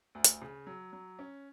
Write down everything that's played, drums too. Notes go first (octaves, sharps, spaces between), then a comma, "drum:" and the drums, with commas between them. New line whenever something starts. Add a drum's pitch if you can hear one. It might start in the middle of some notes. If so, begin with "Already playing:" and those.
D2
drum: hi-hat
C#3
F#3
F#3
C#4